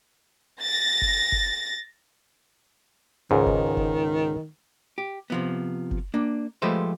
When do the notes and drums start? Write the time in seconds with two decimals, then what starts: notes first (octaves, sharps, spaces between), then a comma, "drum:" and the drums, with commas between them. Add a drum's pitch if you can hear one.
0.62 A6 A#6
1.02 drum: kick F#1
1.32 drum: kick F#1
3.31 C#2 G#2 D#3
3.46 drum: kick F#1
3.77 drum: kick F#1
4.98 G4
5.30 C3 F3 B3
5.91 drum: kick F#1
6.14 A#3 D4
6.62 F3 G#3 A3 G4 B4 C5